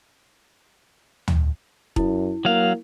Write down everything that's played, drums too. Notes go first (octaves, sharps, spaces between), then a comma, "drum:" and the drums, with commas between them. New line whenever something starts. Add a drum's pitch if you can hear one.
drum: tom
F#2 E4, drum: kick
F#3 A#3 F5